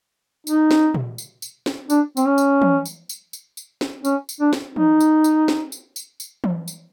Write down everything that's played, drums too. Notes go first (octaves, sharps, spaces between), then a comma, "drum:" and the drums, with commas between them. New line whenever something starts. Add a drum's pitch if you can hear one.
D#4, drum: tambourine
drum: snare
drum: tom A#2
drum: tambourine
drum: tambourine
drum: snare
D4, drum: tambourine
C4, drum: tambourine
C#4
drum: tambourine
drum: tom E3
drum: tambourine
drum: tambourine
drum: tambourine
drum: tambourine
drum: snare
C#4, drum: tambourine
drum: tambourine
D4
drum: snare
D#4, drum: tom E3
drum: tambourine
drum: tambourine
drum: snare
drum: tambourine
drum: tambourine
drum: tambourine
drum: tom E3
drum: tambourine